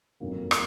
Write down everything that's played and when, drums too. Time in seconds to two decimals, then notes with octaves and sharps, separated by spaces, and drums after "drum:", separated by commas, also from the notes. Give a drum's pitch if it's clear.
0.20 F#1 F2 D#3 F#3 A#3
0.51 drum: rim click